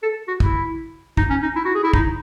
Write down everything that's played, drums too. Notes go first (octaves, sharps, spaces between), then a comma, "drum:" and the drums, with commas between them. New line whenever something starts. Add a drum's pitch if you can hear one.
A4
F#4
E4, drum: kick
D#4, drum: kick
C#4
D#4
E4
F#4
G#4
E4
D#4, drum: kick